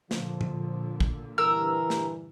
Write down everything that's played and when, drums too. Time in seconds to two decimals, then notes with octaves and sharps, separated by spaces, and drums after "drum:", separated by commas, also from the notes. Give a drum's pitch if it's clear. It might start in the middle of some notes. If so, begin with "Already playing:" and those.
0.11 A#2 D3 F3, drum: snare
0.41 drum: tom A2
1.00 drum: kick
1.38 G2 E3 A#4 E6
1.90 drum: snare